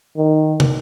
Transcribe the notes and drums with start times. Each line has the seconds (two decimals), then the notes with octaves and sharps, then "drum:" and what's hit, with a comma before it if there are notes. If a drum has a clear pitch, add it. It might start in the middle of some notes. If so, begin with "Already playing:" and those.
0.17 D#3
0.60 drum: tom